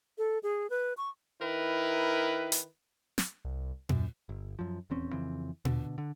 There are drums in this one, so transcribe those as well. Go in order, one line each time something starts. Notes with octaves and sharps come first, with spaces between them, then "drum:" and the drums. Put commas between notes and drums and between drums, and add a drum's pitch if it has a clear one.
A4
G#4
B4
C#6
D#3 E4 A#4 B4
drum: hi-hat
drum: snare
C2
F#2, drum: tom A#2
G1
F#2 F3
D#1 E2 C4 C#4
F2 C#3 E3 C4
B2 D3, drum: tom A#2
D3